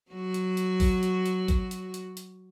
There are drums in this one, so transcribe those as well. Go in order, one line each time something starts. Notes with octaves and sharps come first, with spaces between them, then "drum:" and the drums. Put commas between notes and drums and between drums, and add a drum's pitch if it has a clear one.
F#3 F#4
drum: hi-hat
drum: hi-hat
drum: kick G#1, open hi-hat
drum: hi-hat
drum: hi-hat
drum: kick G#1, hi-hat
drum: hi-hat
drum: hi-hat
drum: hi-hat